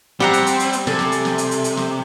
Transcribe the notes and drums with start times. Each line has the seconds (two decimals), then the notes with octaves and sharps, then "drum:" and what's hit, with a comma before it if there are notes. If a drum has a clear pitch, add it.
0.20 G3 C4 G4 F#5 A#5, drum: snare
0.33 drum: hi-hat
0.46 drum: hi-hat
0.60 drum: hi-hat
0.73 drum: hi-hat
0.87 C3 A4 D5 G#5, drum: snare
0.99 drum: snare
1.12 drum: hi-hat
1.25 drum: snare
1.38 drum: hi-hat
1.51 drum: hi-hat
1.64 drum: hi-hat
1.77 drum: snare